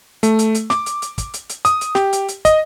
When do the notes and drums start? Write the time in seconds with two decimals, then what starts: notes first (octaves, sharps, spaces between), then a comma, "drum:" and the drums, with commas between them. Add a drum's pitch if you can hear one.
0.23 A3, drum: hi-hat
0.39 drum: hi-hat
0.55 drum: hi-hat
0.70 D6, drum: snare
0.86 drum: hi-hat
1.02 drum: hi-hat
1.18 drum: kick, hi-hat
1.34 drum: hi-hat
1.49 drum: hi-hat
1.65 D#6, drum: hi-hat
1.81 drum: hi-hat
1.95 G4, drum: snare
2.13 drum: hi-hat
2.28 drum: hi-hat
2.45 D#5, drum: kick, hi-hat